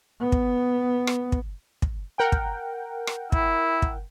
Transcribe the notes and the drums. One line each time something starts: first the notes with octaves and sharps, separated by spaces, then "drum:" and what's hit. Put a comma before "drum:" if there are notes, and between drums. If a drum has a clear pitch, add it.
B3
drum: kick
drum: rim click
drum: kick
drum: kick
A#4 F#5 G5
drum: kick
drum: rim click
E4, drum: kick
drum: kick